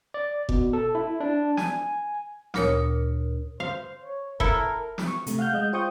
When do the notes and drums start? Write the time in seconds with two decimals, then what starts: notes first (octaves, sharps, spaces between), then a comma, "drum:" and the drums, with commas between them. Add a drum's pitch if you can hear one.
0.14 D5
0.49 B2, drum: kick F1
0.73 A4
0.95 E4
1.20 D4
1.57 G#5, drum: snare
2.54 D2 A#2 A#4 C#5 D#6, drum: snare
3.60 C5 F5
4.03 C#5
4.40 E4 A4 A#4 E5, drum: kick F1
4.98 drum: snare
5.07 C#6
5.27 C3 A3, drum: hi-hat
5.39 F5 F#5 F6 G6
5.53 G#3 D#5 G6
5.73 F4 C5 G5 C#6 D#6 G6